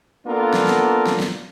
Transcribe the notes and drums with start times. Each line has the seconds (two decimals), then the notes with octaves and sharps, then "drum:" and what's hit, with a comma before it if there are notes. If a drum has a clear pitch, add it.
0.27 A#3 B3 D4 F4 A4 A#4
0.54 drum: snare
0.67 drum: snare
1.06 drum: snare
1.20 drum: snare